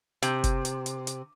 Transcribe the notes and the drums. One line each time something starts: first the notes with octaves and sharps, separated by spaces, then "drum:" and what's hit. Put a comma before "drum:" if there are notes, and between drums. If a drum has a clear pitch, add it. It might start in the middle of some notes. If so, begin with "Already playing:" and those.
C3, drum: hi-hat
drum: kick F#1, hi-hat
drum: hi-hat
drum: hi-hat
drum: hi-hat